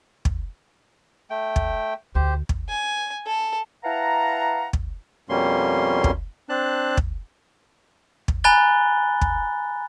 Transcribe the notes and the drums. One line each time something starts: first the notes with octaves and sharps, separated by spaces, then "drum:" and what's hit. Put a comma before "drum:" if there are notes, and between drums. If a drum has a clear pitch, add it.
drum: kick
A3 G5
drum: kick
D2 G4 C5
drum: kick
G#5
A4
E4 B4 F5 F#5 A5 A#5
drum: kick
F2 B2 G3 A#3 C#4 C6
drum: kick
C4 D4 A5 F#6
drum: kick
drum: kick
G#5 A#5 B5 F#6 A6 G7
drum: kick